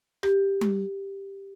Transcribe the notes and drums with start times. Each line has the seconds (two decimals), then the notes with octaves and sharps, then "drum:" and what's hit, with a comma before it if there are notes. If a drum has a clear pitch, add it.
0.23 G4, drum: rim click
0.61 drum: tom G3